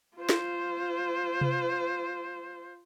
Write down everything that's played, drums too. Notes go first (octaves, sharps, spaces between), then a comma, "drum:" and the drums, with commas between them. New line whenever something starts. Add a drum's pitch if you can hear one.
F4 C5
drum: snare
drum: tom C3